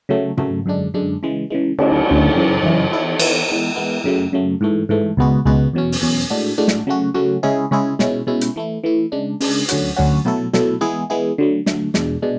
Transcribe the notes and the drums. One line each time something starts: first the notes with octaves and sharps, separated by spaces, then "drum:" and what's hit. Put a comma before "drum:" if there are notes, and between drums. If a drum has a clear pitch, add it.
C#3 F#3 A3
C#3 F#3 A3, drum: tom
F#2 D3 G#3 D4
F#2 D3 G#3 D4
C#3 E3 G#3
C#3 E3 G#3
D2 C#3 F#3, drum: cymbal
D2 C#3 F#3
F#2 C#3 E3
F#2 C#3 E3
E3 B3 E4 A4
E3 B3 E4 A4, drum: cymbal
E3 G#3 B3
E3 G#3 B3
F#2 C#3 F#3 A3
F#2 C#3 F#3 A3
G#2 E3 A3
G#2 E3 A3
C#2 B2 G#3 B3 F#4
C#2 B2 G#3 B3 F#4
E2 B2 F#3 C#4
drum: open hi-hat
E2 B2 F#3 C#4
A2 G#3 D4 F#4 A4
A2 G#3 D4 F#4 A4
drum: snare
C#3 F#3 A3 C#4 F#4
C#3 F#3 A3 C#4 F#4
C#3 G#3 C#4 E4 G#4
C#3 G#3 C#4 E4 G#4
B2 G#3 C#4 E4, drum: snare
B2 G#3 C#4 E4
drum: hi-hat
E3 A3 E4
E3 A3 E4
C#3 G#3 D4
C#3 G#3 D4, drum: open hi-hat
D2 D3 F#3 C#4 F#4, drum: hi-hat
D2 D3 F#3 C#4 F#4
B2 F#3 A3 E4 A4
B2 F#3 A3 E4 A4, drum: snare
E3 G#3 B3 E4 G#4
E3 G#3 B3 E4 G#4
D3 F#3 A3
D3 F#3 A3, drum: snare
E2 B2 G#3 D4, drum: snare
B2 G#3 D4